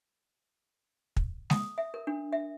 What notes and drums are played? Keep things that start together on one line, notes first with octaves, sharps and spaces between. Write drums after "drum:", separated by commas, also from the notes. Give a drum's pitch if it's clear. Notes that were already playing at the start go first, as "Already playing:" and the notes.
drum: kick
D#6, drum: snare G#3
E5
A#4
D4
E5